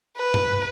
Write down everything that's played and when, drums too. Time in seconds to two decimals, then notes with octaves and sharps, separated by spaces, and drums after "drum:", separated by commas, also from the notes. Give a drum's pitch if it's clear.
0.17 B4
0.34 drum: tom G2